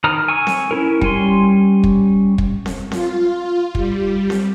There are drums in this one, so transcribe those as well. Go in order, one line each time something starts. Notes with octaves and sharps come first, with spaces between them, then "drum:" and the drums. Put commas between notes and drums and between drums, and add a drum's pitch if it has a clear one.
D#3 A#5 B5 D#6 F6
G#5 C#6 E6
drum: snare C4
C#4 E4 A#4
G3 C#4 G#5 C6, drum: kick
drum: kick
drum: kick
drum: snare C4
F4, drum: snare C4
G3, drum: kick
drum: snare C4